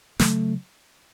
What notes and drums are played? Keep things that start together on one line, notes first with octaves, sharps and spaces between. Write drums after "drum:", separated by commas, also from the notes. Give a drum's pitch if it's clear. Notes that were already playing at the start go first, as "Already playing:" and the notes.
C#3 F#3 A3, drum: snare